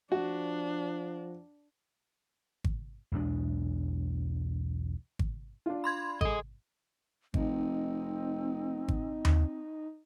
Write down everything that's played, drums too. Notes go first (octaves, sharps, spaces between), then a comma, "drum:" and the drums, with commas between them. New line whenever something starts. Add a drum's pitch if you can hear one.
F3 D4 F#4
drum: kick G#1
B1 E2 G#3 D4
drum: kick G#1
D4 F4
B5 C6 G#6
G#4 A4 D#5, drum: kick G#1
F1 C4 D#4, drum: kick G#1
drum: kick G#1
drum: tom D#2